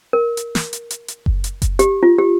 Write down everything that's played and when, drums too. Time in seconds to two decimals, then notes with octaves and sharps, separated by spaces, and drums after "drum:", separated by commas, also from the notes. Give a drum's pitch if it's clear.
0.13 A#4
0.37 drum: hi-hat
0.55 drum: snare
0.73 drum: hi-hat
0.90 drum: hi-hat
1.08 drum: hi-hat
1.26 drum: kick F#1
1.44 drum: hi-hat
1.62 drum: kick F#1, hi-hat
1.79 G4, drum: hi-hat
2.03 F4
2.19 G4